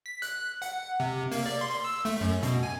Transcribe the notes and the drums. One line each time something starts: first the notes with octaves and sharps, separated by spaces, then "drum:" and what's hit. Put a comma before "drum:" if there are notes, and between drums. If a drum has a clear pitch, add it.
B6
F#6, drum: hi-hat
F#5, drum: hi-hat
C3
A#3, drum: open hi-hat
D5
C6
E6
A3, drum: open hi-hat
F#2
B2, drum: hi-hat
G#5